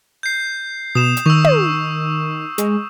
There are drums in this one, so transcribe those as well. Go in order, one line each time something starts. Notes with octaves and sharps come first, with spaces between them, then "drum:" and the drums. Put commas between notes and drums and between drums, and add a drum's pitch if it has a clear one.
G6 C7
B2 D#6 E7
drum: hi-hat
D#3 C#6 E6
drum: tom
G#3, drum: hi-hat